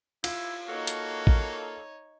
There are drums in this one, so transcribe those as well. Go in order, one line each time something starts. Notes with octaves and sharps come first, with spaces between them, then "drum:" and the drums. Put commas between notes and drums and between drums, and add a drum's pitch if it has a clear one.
E4 F4, drum: cymbal
A#3 D#4 F#4 A4 C#5
drum: hi-hat
drum: kick A1